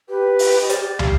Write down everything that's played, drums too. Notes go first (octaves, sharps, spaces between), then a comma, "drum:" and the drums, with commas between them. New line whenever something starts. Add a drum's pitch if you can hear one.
G4 B4
drum: open hi-hat
D#5
D5, drum: hi-hat
G4 F5, drum: tom